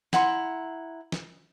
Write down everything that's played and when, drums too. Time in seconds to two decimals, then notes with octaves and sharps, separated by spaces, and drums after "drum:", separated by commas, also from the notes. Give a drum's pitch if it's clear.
0.13 E4 F#5 A#5 C6, drum: snare
1.12 drum: snare